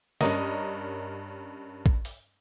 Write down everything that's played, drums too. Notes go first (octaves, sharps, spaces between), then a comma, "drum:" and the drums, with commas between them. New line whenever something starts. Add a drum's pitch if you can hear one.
G2 C#4 A#4 D#5, drum: snare
drum: kick
drum: open hi-hat